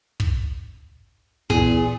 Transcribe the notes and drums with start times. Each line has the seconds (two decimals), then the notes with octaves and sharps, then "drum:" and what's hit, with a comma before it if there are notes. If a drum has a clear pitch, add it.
0.20 drum: kick
1.50 E2 A#2 G#4, drum: kick